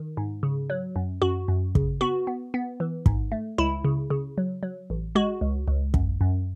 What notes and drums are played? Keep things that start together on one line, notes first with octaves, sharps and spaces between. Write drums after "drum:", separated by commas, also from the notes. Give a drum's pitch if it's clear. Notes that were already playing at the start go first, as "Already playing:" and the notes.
Already playing: D#3
G#2
C#3
F#3
F#2
F#2 F#4
F#2
C#3, drum: kick
B3 F#4
B3
B3
E3
G#2, drum: kick
A3
C#2 E4
C#3
C#3
F#3
F#3
A1
G#3 F#4
C#2
C#2
F#2, drum: kick
F#2